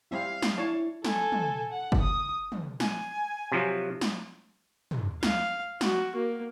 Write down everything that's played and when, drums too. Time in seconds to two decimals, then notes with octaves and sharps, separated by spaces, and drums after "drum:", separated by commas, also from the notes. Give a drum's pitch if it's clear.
0.11 G3 C4 E4 F5
0.42 drum: snare
0.58 D4 E4 C#5 A5
1.04 A4 G#5, drum: snare
1.32 drum: tom
1.72 F#5
1.92 drum: kick F#1
2.01 D#6
2.52 drum: tom
2.80 G#5, drum: snare
3.52 C3 F3 F#3
4.01 drum: snare
4.91 drum: tom
5.23 F5, drum: snare
5.81 F#4, drum: snare
6.15 A#3